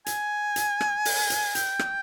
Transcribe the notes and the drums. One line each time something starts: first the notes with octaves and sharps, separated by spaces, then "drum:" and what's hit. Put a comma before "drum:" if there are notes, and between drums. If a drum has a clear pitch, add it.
G#5, drum: hi-hat
drum: hi-hat
drum: rim click
drum: open hi-hat
drum: hi-hat
G5, drum: hi-hat
drum: rim click